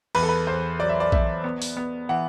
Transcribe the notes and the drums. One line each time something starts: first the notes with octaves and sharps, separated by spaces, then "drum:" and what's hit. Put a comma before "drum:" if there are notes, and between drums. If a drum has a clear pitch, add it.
E2 B4, drum: cymbal
A4
B4
E2 C5
F#3 D5
E5
D5
E2 E5, drum: kick A#1
B3
drum: open hi-hat
B3
E3 F#5